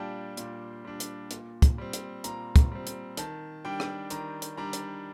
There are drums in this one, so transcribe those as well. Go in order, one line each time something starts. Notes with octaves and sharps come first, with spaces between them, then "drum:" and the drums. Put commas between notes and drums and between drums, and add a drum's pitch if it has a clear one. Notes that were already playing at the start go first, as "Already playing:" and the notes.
Already playing: A#2 G3 D4 F5 G5 A5
A#2, drum: hi-hat
G3 D4
drum: hi-hat
A#2, drum: hi-hat
drum: kick, hi-hat
G3 C4
drum: hi-hat
A#2 A#5, drum: hi-hat
drum: kick, hi-hat
G3 C4
drum: hi-hat
D#3 A5, drum: hi-hat
G3 D4 G5
drum: rim click
D#3 A#5, drum: hi-hat
drum: hi-hat
G3 D4 A#5
drum: hi-hat